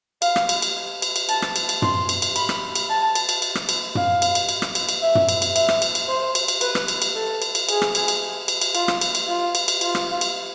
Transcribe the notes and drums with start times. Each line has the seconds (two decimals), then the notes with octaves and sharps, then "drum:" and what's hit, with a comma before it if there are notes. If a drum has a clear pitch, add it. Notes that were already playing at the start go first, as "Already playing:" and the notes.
0.22 F5, drum: cymbal
0.36 drum: rim click
0.49 drum: cymbal
0.62 drum: cymbal
1.02 drum: cymbal
1.16 drum: cymbal
1.29 A5, drum: cymbal
1.42 drum: rim click
1.56 drum: cymbal
1.69 drum: cymbal
1.82 C6, drum: tom
2.09 drum: cymbal
2.22 drum: cymbal
2.36 B5, drum: cymbal
2.49 drum: rim click
2.75 drum: cymbal
2.89 A5
3.15 drum: cymbal
3.29 drum: cymbal
3.42 drum: cymbal
3.55 drum: rim click
3.69 drum: cymbal
3.95 F5, drum: tom
4.22 drum: cymbal
4.35 drum: cymbal
4.49 drum: cymbal
4.62 drum: rim click
4.75 drum: cymbal
4.89 drum: cymbal
5.02 E5
5.15 drum: tom
5.29 drum: cymbal
5.42 drum: cymbal
5.56 E5, drum: cymbal
5.68 drum: rim click
5.82 drum: cymbal
5.95 drum: cymbal
6.08 C5
6.35 drum: cymbal
6.48 drum: cymbal
6.61 B4, drum: cymbal
6.75 drum: rim click
6.88 drum: cymbal
7.02 drum: cymbal
7.15 A4
7.42 drum: cymbal
7.55 drum: cymbal
7.69 G#4, drum: cymbal
7.82 drum: rim click
7.95 drum: cymbal
8.08 drum: cymbal
8.48 drum: cymbal
8.61 drum: cymbal
8.75 F4, drum: cymbal
8.88 drum: rim click
9.01 drum: cymbal
9.15 drum: cymbal
9.28 F4
9.55 drum: cymbal
9.68 drum: cymbal
9.81 F4, drum: cymbal
9.95 drum: rim click
10.21 drum: cymbal